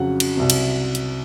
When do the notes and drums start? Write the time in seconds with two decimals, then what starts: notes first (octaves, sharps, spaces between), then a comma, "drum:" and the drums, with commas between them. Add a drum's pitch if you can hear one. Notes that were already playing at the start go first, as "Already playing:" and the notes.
Already playing: F2 C#3 F#3 F#5
0.20 drum: cymbal
0.36 C2 C3 F#3
0.50 drum: cymbal
0.95 drum: hi-hat